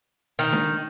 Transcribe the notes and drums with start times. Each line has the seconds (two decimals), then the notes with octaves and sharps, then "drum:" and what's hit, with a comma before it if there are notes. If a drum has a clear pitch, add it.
0.39 D#3
0.52 drum: snare D4